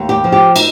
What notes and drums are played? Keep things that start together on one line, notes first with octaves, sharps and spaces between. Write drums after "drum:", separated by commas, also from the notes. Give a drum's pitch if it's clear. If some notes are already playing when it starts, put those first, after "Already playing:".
Already playing: D#2
G4
F3
G4
D#4, drum: cymbal